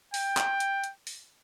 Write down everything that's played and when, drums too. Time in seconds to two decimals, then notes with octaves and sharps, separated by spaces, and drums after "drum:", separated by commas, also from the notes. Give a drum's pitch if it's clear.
0.14 G5, drum: open hi-hat
0.37 drum: clap
0.60 drum: hi-hat
0.84 drum: hi-hat
1.07 drum: open hi-hat